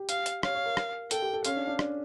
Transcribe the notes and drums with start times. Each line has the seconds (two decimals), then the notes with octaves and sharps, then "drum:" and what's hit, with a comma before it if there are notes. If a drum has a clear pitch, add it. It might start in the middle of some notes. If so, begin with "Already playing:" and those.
Already playing: G4
0.09 F5, drum: hi-hat
0.26 drum: hi-hat
0.43 C#5 F5, drum: rim click
0.55 C#5
0.66 A#4
0.77 drum: rim click
1.11 A4 G5, drum: hi-hat
1.22 G4
1.33 A4
1.45 C#4 F5, drum: hi-hat
1.57 D4
1.67 D4
1.79 D4, drum: rim click